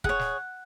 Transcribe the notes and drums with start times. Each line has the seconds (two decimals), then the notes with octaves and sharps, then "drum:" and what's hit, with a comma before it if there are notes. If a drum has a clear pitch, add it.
0.04 G#4 C#5 F#5, drum: kick
0.19 drum: snare